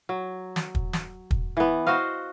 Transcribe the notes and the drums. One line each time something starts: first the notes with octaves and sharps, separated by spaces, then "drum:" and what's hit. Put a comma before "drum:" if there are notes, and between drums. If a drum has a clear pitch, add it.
F#3
drum: snare
drum: kick
drum: snare
drum: kick
E3 B3
F#4 C5 D#5 F5